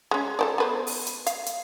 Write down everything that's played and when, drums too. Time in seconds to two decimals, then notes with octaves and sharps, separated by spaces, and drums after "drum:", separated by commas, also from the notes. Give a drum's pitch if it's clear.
0.11 G#3 C#4
0.39 A4 C5 D5
0.58 B3 B4 C5
0.87 drum: open hi-hat
1.07 drum: hi-hat
1.27 F5, drum: hi-hat
1.46 drum: hi-hat